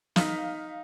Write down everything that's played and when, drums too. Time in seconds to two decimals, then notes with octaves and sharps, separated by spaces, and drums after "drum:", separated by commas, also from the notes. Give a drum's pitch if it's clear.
0.16 D#4 F5 F6 B6, drum: snare